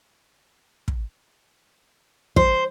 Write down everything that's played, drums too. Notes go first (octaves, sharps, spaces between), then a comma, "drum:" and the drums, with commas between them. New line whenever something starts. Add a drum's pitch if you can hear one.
drum: kick
C5, drum: kick